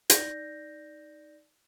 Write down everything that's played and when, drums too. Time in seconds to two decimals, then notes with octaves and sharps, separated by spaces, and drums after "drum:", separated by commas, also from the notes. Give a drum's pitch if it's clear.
0.10 D#4 D5 G6 A#6, drum: hi-hat